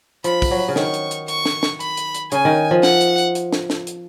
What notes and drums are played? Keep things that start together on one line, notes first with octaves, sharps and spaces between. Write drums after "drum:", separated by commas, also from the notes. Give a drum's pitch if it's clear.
F3 B5, drum: hi-hat
drum: kick, open hi-hat
F#3
C#3
D#3 C#6, drum: snare
drum: hi-hat
drum: hi-hat
C#6, drum: hi-hat
drum: snare
drum: snare
B5, drum: hi-hat
drum: hi-hat
drum: hi-hat
C#3 G#5, drum: hi-hat
D#3
F3
F#5, drum: snare
drum: hi-hat
drum: hi-hat
drum: hi-hat
drum: snare
drum: snare
drum: hi-hat